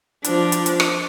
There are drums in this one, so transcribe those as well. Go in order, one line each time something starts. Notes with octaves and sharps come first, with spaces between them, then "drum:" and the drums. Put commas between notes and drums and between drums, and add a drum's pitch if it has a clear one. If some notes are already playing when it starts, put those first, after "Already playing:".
F3 D4, drum: hi-hat
drum: hi-hat
drum: hi-hat
drum: rim click